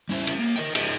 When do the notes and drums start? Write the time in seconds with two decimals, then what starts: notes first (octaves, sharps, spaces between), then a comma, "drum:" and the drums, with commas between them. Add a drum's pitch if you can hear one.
0.09 G3 C#4 E4 C5 E5
0.27 drum: cymbal
0.39 A#3
0.56 A#4 D#5 G5
0.75 D#4 G#4 C5 D5 D#5, drum: cymbal